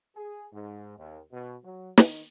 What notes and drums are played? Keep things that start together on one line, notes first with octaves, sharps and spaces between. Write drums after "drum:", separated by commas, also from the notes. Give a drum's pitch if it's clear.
G#4
G#2
D#2
B2
F#3
D#3, drum: snare